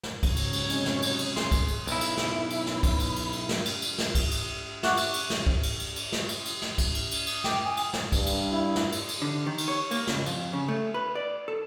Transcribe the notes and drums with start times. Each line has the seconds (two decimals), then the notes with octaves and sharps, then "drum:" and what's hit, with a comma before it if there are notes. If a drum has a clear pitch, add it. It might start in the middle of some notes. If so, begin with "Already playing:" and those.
0.03 drum: snare
0.23 G#2 C#3 F#3 C#5, drum: kick, cymbal
0.36 drum: cymbal
0.53 drum: cymbal
0.70 C3 G#3 C#4, drum: cymbal
0.86 drum: snare
1.02 drum: cymbal
1.19 drum: cymbal
1.36 G#4 C6, drum: snare
1.52 drum: kick, cymbal
1.68 drum: cymbal
1.87 B1 E4, drum: cymbal
2.01 drum: cymbal
2.17 drum: snare
2.50 drum: cymbal
2.67 drum: snare
2.83 drum: kick, cymbal
3.00 drum: cymbal
3.16 drum: cymbal
3.33 drum: cymbal
3.49 drum: snare
3.65 drum: cymbal
3.82 drum: cymbal
3.98 drum: snare
4.15 drum: kick, cymbal
4.31 drum: cymbal
4.83 E5 F#5 C#6 D6 F#6, drum: snare
4.97 drum: cymbal
5.14 drum: cymbal
5.30 drum: snare
5.47 drum: kick
5.63 drum: cymbal
5.79 drum: cymbal
5.96 drum: cymbal
6.12 drum: snare
6.29 drum: cymbal
6.45 drum: cymbal
6.62 drum: snare
6.78 drum: kick, cymbal
6.95 drum: cymbal
7.11 drum: cymbal
7.27 D#6, drum: cymbal
7.44 G5 D6, drum: snare
7.65 G#5 D#6
7.77 drum: cymbal
7.93 drum: snare
8.12 G2, drum: kick, cymbal
8.26 drum: cymbal
8.51 E4
8.76 drum: snare
8.92 drum: cymbal
9.09 drum: cymbal
9.22 D3
9.46 D#3
9.58 drum: cymbal
9.68 C#5
9.91 A#3, drum: cymbal
10.07 C#2, drum: snare
10.26 F2, drum: cymbal
10.53 C#3
10.68 A3
10.94 B4
11.15 D5
11.48 A4